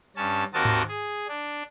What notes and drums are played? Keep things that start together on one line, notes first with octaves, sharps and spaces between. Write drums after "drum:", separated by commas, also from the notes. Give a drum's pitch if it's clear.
G2 C#4 A5
D#2 C4 F#4 A#4 D#5 A5
drum: tom G#2
G#4
D4